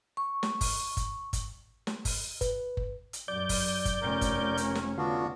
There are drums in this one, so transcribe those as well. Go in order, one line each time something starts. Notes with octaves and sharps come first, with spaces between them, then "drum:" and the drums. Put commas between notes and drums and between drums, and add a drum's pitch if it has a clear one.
C#6
drum: snare
drum: kick F#1, open hi-hat
drum: kick F#1, hi-hat
drum: kick F#1, hi-hat
drum: snare
drum: kick F#1, open hi-hat
B4, drum: kick F#1, hi-hat
drum: kick F#1
drum: hi-hat
F#2 D5 G6
drum: kick F#1, open hi-hat
drum: kick F#1, hi-hat
F1 C#4 A#4
drum: kick F#1, hi-hat
drum: hi-hat
drum: snare
D3 B3 D4 F4 F#4